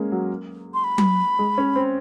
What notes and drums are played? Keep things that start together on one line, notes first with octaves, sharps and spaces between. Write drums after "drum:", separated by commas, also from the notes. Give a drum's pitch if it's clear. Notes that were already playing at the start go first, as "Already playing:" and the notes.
Already playing: G#3 A#3 C#4
F#3
C6
B5
drum: tom F#3
G#3
C#4
C4